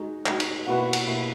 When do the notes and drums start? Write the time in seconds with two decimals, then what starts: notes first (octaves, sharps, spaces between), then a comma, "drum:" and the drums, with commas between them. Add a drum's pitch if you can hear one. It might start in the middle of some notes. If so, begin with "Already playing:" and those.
Already playing: G#3 D#4 F#4
0.26 G#3 D#4 F#4, drum: clap
0.40 drum: cymbal
0.66 B2 A#3 E4 F#4 B4
0.93 drum: cymbal
1.06 B2 A#3 E4 B4